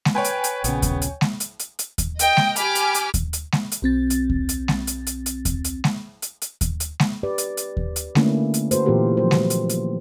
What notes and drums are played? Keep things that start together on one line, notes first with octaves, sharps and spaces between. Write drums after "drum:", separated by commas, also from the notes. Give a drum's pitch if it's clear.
drum: snare G#3
B4 C#5 G5 G#5
drum: hi-hat
drum: hi-hat
A#1 C#3 B3, drum: hi-hat
drum: kick D#2, hi-hat
drum: hi-hat
drum: snare G#3
drum: hi-hat
drum: hi-hat
drum: hi-hat
drum: kick D#2, hi-hat
D#5 G5, drum: hi-hat
drum: snare G#3
G4 G#5 B5 D6 F6, drum: hi-hat
drum: hi-hat
drum: hi-hat
drum: kick D#2, hi-hat
drum: hi-hat
drum: snare G#3
drum: hi-hat
B1 C4 A6
drum: hi-hat
drum: kick D#2
drum: hi-hat
drum: snare G#3
drum: hi-hat
drum: hi-hat
drum: hi-hat
drum: kick D#2, hi-hat
drum: hi-hat
drum: snare G#3
drum: hi-hat
drum: hi-hat
drum: kick D#2, hi-hat
drum: hi-hat
drum: snare G#3
G4 B4 D5
drum: hi-hat
drum: hi-hat
drum: kick D#2
drum: hi-hat
D3 A3 A#3 C#4 E4 A4, drum: snare G#3
drum: hi-hat
F#4 A4 B4 C5, drum: hi-hat
A#2 E3 B3 F4 G4 A#4
F3 F#3 C5
drum: snare G#3
drum: hi-hat
drum: hi-hat